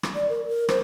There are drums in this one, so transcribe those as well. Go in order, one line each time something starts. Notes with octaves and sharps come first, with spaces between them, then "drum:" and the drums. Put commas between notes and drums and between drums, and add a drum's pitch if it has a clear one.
drum: rim click
D5
A#4
A#4
C5, drum: rim click